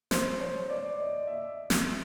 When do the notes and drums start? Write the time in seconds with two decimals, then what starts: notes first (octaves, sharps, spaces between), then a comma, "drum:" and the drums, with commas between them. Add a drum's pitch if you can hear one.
0.11 C5, drum: snare
0.40 C#5
0.70 D5
0.99 D#5
1.27 E5
1.70 drum: snare